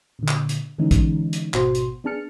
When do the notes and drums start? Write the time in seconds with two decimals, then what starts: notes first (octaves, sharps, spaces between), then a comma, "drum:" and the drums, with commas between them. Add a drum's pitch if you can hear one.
0.19 A#2 D3
0.28 drum: clap
0.49 drum: hi-hat
0.78 D3 E3 G#3 C#4 D#4
0.91 drum: kick, hi-hat
1.33 drum: hi-hat
1.54 G#1 B2 F#4 C5 C6, drum: clap
1.75 drum: hi-hat
2.04 B3 D4 G#4 A5 F6 C#7